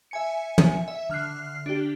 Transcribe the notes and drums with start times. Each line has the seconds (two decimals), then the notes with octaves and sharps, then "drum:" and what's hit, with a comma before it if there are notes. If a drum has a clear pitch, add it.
0.11 E5 G#5 C#7
0.58 drum: tom
0.88 E5
1.10 D3 F6 F#6 C7
1.66 D4 G4